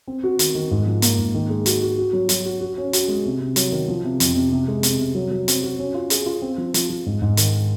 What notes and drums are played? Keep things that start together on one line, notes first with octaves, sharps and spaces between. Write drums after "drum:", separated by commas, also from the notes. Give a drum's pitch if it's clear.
C4
F#4
D#3, drum: hi-hat
D#3
G#2
F3
A#3, drum: hi-hat
G#2
D#3
G#3
F#4, drum: hi-hat
F#4
F#4
F#3
F#3, drum: hi-hat
F#4
F#4
C#4
F#4, drum: hi-hat
G#3
C3
C3
F#3, drum: hi-hat
D#3
F3
C3
F2, drum: hi-hat
C3
C3
G#3
C3, drum: hi-hat
C3
F#3
F#3
C4, drum: hi-hat
F#4
C#4
F4
G#4, drum: hi-hat
F4
C4
F3
F3, drum: hi-hat
F3
G#2
G#2
D#3, drum: hi-hat